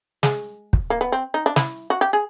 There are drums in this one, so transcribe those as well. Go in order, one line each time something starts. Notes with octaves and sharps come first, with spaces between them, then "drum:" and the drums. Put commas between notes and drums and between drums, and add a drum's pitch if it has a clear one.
G#3, drum: snare
drum: kick
A#3
B3
C4
D#4
D4
E4, drum: snare
F#4
G4
G#4